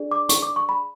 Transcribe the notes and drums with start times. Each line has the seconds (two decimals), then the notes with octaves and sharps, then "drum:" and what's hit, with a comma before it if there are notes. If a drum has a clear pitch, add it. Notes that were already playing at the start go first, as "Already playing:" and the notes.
Already playing: D4 G#4 D5
0.11 D6
0.29 C#6, drum: hi-hat
0.42 D6
0.56 C#6
0.69 B5